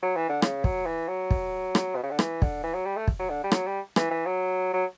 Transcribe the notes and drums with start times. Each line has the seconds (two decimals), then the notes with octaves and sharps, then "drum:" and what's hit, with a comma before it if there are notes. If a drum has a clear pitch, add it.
0.02 F#3
0.16 E3
0.29 D3
0.42 C#3, drum: rim click
0.64 F#3, drum: kick
0.86 E3
1.08 F#3
1.31 drum: kick
1.75 drum: rim click
1.95 B2
2.03 C#3
2.10 D3
2.19 E3, drum: rim click
2.42 D3, drum: kick
2.63 E3
2.74 F#3
2.85 G3
2.96 A3
3.08 drum: kick
3.19 F#3
3.30 D3
3.44 G3
3.52 F#3, drum: rim click
3.67 G3
3.96 E3, drum: rim click
4.11 E3
4.26 F#3
4.73 F#3